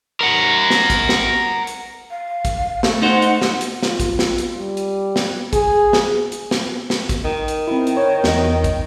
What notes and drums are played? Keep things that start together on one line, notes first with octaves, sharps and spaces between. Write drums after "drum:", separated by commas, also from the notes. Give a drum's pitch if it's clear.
A#4 F#5
drum: snare
drum: kick, hi-hat
drum: snare
drum: hi-hat
F5
drum: kick, hi-hat
A3, drum: snare
D#4 C5 F#5
drum: hi-hat
drum: snare
drum: hi-hat
F4, drum: snare
drum: kick, hi-hat
drum: snare
drum: hi-hat
G3
drum: hi-hat
drum: snare
G#4, drum: kick, hi-hat
drum: snare
drum: hi-hat
drum: snare
drum: snare
drum: kick, hi-hat
D#3
drum: hi-hat
C4 E4
drum: hi-hat
C#5
E2 D#5, drum: snare
drum: kick, hi-hat